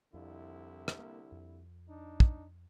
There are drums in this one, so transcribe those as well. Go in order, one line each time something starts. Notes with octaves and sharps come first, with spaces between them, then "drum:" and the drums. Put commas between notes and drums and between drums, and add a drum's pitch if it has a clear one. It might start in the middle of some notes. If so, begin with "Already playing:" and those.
C2 F2 D3 E4
drum: rim click
A#3
F2
D4 D#4
drum: kick